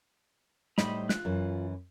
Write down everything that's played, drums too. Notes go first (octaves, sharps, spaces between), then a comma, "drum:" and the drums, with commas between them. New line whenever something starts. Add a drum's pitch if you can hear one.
A2 G3 D#4 C5 D#5 B5, drum: snare
F4 F#6, drum: snare
F#2 E3